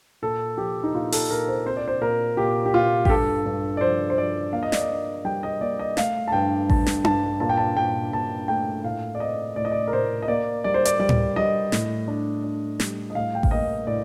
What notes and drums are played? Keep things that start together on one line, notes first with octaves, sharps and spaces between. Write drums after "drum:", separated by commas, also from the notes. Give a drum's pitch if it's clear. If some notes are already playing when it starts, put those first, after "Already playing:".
A#2 A4
F3 G4
D#4
A#2 F4
A4, drum: open hi-hat
A#2 A#4
C5
C4 C5
D5
C5
A#2 A#4
A#2 G4
G4
A#2 F4
G4, drum: kick A1
G2 A4
G2
D5
F3 C5
C5
F3 D5
A#3 F5
D#5
D5, drum: snare
D#5
D4
G3 G5
D#5
A#3 D5
D#5
A3 F5, drum: snare
A5
G2 G5
G2 A5, drum: kick A1
drum: snare
G2 A5, drum: tom D4
A#2 A5
G5
A5
A#2 G5
A#2 A5
A3 G5
A2 F5
D5
C4 D#5
A2 D5
D#5
D5
A#4
A2 C5
D#5
A#3 D5
G3 D5
C5
D5, drum: hi-hat
G3 D5
drum: tom A2
G3 D#5
A2, drum: snare
D4
D4
G3, drum: snare
D#5
A2 F5
G5
F5, drum: kick A1
A#3 D#5
A2 D5